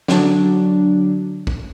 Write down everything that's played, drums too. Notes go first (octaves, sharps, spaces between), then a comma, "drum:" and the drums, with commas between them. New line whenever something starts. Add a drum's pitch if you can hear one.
D3 F#3 D4, drum: snare
drum: kick